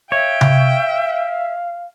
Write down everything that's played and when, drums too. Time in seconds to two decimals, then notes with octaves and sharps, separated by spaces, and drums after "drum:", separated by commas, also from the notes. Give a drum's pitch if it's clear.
0.12 C#5 E5 F5 G5
0.41 drum: tom C3